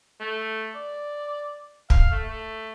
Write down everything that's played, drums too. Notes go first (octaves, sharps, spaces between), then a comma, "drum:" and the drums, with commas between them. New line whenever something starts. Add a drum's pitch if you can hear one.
A3
D5
F5, drum: kick
A3
A3